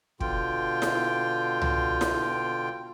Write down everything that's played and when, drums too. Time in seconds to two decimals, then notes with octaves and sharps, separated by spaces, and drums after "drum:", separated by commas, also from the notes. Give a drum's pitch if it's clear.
0.20 B2 D3 F4 G5, drum: kick
0.82 drum: snare E4
1.62 drum: tom C2
2.01 drum: snare E4